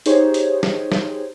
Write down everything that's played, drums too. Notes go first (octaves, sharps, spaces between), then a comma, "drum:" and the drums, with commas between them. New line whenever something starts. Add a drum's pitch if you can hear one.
D#4 G4 G#4 C5 C#5, drum: hi-hat
drum: hi-hat
drum: snare
drum: snare